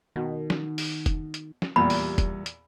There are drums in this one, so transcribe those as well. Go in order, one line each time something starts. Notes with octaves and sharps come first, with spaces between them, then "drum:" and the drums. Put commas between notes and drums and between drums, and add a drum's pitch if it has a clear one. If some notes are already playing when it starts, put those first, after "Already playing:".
B2 D#3
drum: snare
drum: open hi-hat
drum: kick, hi-hat
drum: hi-hat
drum: snare
E2 A#2 G3 B5
drum: open hi-hat
drum: kick, hi-hat
drum: hi-hat